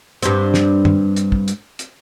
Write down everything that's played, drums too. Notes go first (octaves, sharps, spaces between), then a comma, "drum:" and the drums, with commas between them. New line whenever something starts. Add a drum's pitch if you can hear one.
G2 C4, drum: hi-hat
drum: snare
drum: tom
drum: hi-hat
drum: kick
drum: hi-hat
drum: hi-hat